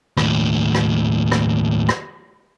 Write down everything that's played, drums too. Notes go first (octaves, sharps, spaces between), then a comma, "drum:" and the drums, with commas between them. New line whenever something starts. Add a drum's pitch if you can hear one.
D#2 A2, drum: rim click
drum: rim click
drum: rim click
drum: rim click